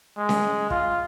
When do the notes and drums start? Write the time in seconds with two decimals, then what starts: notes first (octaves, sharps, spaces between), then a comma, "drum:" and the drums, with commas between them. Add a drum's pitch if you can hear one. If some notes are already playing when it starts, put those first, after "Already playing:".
0.17 G#3
0.29 drum: snare C#4
0.70 F4, drum: kick